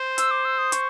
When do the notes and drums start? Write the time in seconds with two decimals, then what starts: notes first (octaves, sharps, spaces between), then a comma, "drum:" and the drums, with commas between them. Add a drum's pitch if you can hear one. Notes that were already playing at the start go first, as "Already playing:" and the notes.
Already playing: C5
0.18 E6, drum: hi-hat
0.31 D6
0.45 E6
0.58 D#6
0.72 C#6, drum: hi-hat